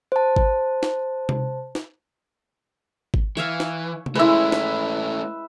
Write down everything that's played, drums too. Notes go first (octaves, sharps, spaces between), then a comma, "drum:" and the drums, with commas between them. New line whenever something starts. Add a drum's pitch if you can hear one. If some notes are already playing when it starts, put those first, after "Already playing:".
C5 A5
drum: kick G#1
drum: snare
drum: tom C3
drum: snare
drum: kick G#1
E3 C#5 E5 F5
drum: snare
drum: tom C3
G#3 A3 C#4 E4 B4 E5
drum: snare